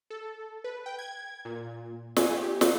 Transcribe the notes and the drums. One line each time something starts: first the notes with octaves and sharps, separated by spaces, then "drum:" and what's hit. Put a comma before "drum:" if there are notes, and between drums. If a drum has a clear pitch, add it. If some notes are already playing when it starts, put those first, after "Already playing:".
A4
B4
G5
G#6
A#2
G#5, drum: snare
G4
drum: snare